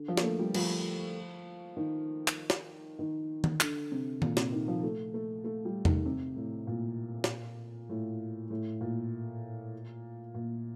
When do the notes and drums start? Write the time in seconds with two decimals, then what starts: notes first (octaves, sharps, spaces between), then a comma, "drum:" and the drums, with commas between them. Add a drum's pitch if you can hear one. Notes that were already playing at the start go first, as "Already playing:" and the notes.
Already playing: D3
0.08 F3
0.17 A#3, drum: snare
0.23 A3
0.39 G3
0.54 F3, drum: cymbal
1.77 D#3
2.28 drum: clap
2.50 drum: snare
2.99 D#3
3.44 drum: tom D#3
3.60 D3, drum: clap
3.92 C3
4.22 A#2, drum: tom D#3
4.37 C3, drum: snare
4.52 D#3
4.68 F3
4.83 A3
5.14 A3
5.44 A3
5.65 G3
5.85 D#3, drum: tom E2
6.06 C3
6.36 A2
6.67 A#2
7.24 drum: snare
7.90 A2
8.50 A2
8.81 A#2
10.34 A#2